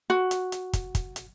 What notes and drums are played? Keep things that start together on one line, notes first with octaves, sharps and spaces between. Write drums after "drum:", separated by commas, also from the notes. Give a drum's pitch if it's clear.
F#4
drum: hi-hat
drum: hi-hat
drum: kick, hi-hat
drum: kick, hi-hat
drum: hi-hat